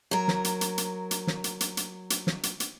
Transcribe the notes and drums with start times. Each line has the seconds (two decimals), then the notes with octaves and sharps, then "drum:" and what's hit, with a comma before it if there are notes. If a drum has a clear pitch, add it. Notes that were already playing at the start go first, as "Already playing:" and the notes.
0.11 F#3 A#4
0.28 drum: snare
0.44 drum: hi-hat
0.61 drum: hi-hat
0.78 drum: hi-hat
1.11 drum: hi-hat
1.27 drum: snare
1.44 drum: hi-hat
1.61 drum: hi-hat
1.77 drum: hi-hat
2.10 drum: hi-hat
2.27 drum: snare
2.43 drum: hi-hat
2.60 drum: hi-hat